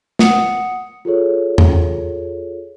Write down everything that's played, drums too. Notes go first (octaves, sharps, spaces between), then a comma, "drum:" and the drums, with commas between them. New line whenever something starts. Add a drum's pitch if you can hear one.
F#5 D#6 C#7, drum: snare
F4 G#4 A4 C#5
drum: tom E2